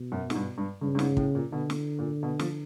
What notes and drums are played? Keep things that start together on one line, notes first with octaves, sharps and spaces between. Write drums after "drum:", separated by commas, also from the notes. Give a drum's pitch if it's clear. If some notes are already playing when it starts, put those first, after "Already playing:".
Already playing: B2
F#2
G#2, drum: snare
G2
G2
G2 C#3
G2
G#2, drum: snare
A2, drum: kick
A#2
B2 D3
drum: snare
A#2
B2
F3, drum: snare